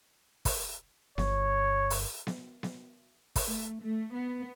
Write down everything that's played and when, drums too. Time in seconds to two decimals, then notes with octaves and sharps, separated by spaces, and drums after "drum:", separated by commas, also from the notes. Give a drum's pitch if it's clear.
0.45 drum: kick, open hi-hat
1.18 G1 C#5, drum: snare B3
1.90 drum: open hi-hat
2.27 drum: snare B3
2.63 drum: snare B3
3.36 drum: kick, open hi-hat
3.47 A3
3.82 A3
4.14 B3